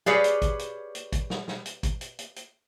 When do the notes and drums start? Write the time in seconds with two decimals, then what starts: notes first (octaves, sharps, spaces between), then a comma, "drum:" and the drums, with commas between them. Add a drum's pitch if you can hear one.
0.06 G4 G#4 B4 C#5 D5 F5, drum: snare
0.24 drum: hi-hat
0.42 drum: kick, hi-hat
0.59 drum: hi-hat
0.95 drum: hi-hat
1.12 drum: kick, hi-hat
1.30 drum: snare
1.48 drum: snare
1.66 drum: hi-hat
1.83 drum: kick, hi-hat
2.01 drum: hi-hat
2.19 drum: hi-hat
2.36 drum: hi-hat